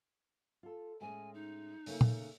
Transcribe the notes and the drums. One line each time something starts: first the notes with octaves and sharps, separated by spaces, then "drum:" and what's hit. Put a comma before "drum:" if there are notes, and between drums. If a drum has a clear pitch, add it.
F4 A4
A2 G#3 C#4 G#5
D#4
C#3 A3 A#3, drum: open hi-hat
drum: tom A#2